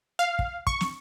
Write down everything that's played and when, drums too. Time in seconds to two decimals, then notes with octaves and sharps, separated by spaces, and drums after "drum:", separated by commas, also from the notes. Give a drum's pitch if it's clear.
0.19 F5
0.39 drum: kick
0.67 C#6, drum: kick
0.81 drum: snare